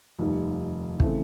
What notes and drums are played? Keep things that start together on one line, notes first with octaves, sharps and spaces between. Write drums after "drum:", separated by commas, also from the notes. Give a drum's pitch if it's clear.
F1 D#2 D#3 G3
C#3 E3 A3 C4, drum: kick